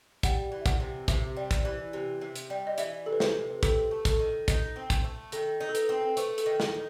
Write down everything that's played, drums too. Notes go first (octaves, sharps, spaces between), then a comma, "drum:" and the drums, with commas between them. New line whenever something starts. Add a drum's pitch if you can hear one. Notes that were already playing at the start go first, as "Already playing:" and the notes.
G3 F#5, drum: kick, hi-hat
E3
E5
F#5, drum: kick, hi-hat
C3
C3 E5, drum: kick, hi-hat
G3
drum: kick, hi-hat
E3
C3
C3
drum: hi-hat
G3
D#5
E3 E5, drum: hi-hat
C3 A4
B4
C5, drum: snare
C3
B4
C4 A4, drum: kick, hi-hat
A3
A4, drum: kick, hi-hat
D#3
D#4, drum: kick, hi-hat
C4
drum: kick, hi-hat
A3
D#3 A4, drum: hi-hat
D#4
A4
B4, drum: hi-hat
C4
A4
B4
A3 C5, drum: hi-hat
A4, drum: hi-hat
D#3
A4, drum: snare
D#4